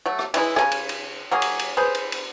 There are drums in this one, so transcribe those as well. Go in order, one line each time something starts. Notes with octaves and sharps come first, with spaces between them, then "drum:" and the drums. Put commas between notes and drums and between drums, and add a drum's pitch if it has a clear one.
F#3 A3
drum: rim click
E3 G#3 D4 E4, drum: cymbal
C#3 C#4 G#5, drum: rim click
drum: cymbal
drum: cymbal
F#3 A#3 G#4
drum: cymbal
drum: cymbal
G#4 B4 C5
drum: cymbal
drum: cymbal